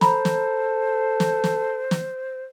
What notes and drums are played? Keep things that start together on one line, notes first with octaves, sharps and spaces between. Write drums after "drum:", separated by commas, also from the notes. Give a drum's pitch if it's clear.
A4 C5 A#5 B5, drum: snare
drum: snare
drum: snare
drum: snare
drum: snare